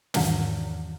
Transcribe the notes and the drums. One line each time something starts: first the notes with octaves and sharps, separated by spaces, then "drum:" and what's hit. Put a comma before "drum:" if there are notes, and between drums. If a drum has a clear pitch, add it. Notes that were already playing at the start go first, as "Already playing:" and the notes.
E2 G#2 D#3 E3, drum: snare